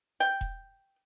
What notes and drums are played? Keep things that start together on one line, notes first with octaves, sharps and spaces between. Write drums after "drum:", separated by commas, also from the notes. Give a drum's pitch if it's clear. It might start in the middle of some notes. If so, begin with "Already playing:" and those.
G5
drum: kick E1